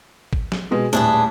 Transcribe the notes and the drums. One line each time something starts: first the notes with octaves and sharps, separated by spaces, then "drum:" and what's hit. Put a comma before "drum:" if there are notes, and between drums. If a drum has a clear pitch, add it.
drum: kick
drum: snare
B2 G#3
D#1 A2 D4 G#4 B4